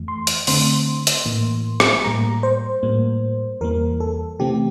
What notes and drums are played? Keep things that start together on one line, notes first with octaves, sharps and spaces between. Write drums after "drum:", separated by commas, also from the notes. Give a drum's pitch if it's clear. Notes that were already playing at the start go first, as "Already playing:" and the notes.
Already playing: F2 E3 A3
C6
drum: hi-hat
D3 A3 C4 C6, drum: open hi-hat
drum: hi-hat
A2 E3 A#3
drum: rim click
A2 G3 A#3 A#5
C5
A2 G3 A#3
E2 E3 G3 A#3 A#4
A4
C3 E3 A3 C4 G4